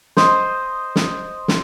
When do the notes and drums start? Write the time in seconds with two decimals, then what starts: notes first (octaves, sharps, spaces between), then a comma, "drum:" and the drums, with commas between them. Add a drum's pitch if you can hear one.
0.17 C5 D#5, drum: snare
0.96 drum: snare
1.48 drum: snare